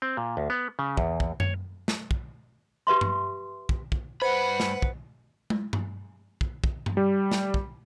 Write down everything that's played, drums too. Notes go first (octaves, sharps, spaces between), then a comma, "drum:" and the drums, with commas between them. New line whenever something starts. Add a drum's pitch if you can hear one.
C4
A#2
D2
B3
C#3
E2, drum: kick
drum: kick
C#5, drum: tom F#2
drum: snare
drum: kick
G4 B4 E5 C6
drum: tom G2
drum: kick
drum: kick
G2 B4 C5 F#5 B5
drum: snare
drum: kick
drum: tom
drum: tom G2
drum: kick
drum: kick
drum: tom G2
G3
drum: snare
drum: kick